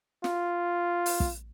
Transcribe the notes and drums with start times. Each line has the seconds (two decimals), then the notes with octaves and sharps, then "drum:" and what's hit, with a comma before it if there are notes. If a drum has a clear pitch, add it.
0.24 F4, drum: snare
1.06 drum: open hi-hat
1.20 drum: kick